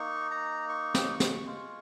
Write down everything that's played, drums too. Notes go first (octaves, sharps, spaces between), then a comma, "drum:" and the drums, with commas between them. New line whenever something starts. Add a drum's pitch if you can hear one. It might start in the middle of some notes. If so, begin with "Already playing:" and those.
Already playing: A#3 D#4 C#6
A#5
C#6
drum: snare
drum: snare
G#3 F4